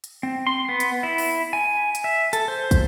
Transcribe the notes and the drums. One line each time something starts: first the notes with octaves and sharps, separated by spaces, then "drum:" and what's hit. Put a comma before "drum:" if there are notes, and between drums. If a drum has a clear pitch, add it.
drum: hi-hat
C4
C6
B3
drum: hi-hat
E4
drum: open hi-hat
G#5
drum: hi-hat
E5
A4, drum: hi-hat
C5
drum: kick, hi-hat